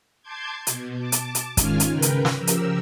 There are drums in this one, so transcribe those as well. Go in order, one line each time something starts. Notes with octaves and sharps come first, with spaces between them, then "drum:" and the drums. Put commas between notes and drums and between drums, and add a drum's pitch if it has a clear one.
A5 C6 D6 G6 G#6
B2, drum: hi-hat
A5 D6
drum: hi-hat
drum: hi-hat
G#2 D#3 C#4 F4 G#5 F6, drum: kick, hi-hat
drum: hi-hat
C#3 A#4 B4 G5
drum: hi-hat
drum: snare
C#3 F3 G4 A#4 E6
drum: hi-hat